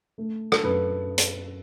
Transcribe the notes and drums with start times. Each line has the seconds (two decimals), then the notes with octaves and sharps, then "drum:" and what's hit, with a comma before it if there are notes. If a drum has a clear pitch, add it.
0.18 A3
0.52 A4, drum: rim click
0.64 F#2 B4
1.18 drum: hi-hat